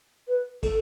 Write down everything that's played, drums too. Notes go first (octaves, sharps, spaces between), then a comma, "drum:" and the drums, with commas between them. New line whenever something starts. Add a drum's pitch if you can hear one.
B4
A4, drum: kick, cymbal